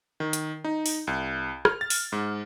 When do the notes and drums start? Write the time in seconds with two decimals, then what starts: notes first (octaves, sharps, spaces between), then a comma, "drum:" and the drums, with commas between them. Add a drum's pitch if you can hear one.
0.20 D#3
0.33 drum: hi-hat
0.64 D#4
0.86 drum: open hi-hat
1.07 C2
1.65 F6, drum: rim click
1.81 A6
1.90 drum: open hi-hat
2.12 G#2